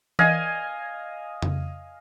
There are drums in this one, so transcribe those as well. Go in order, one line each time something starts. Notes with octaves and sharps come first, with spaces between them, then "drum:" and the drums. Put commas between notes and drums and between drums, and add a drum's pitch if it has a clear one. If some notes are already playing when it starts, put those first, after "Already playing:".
D#5 F5 G#5, drum: tom E3
drum: tom F2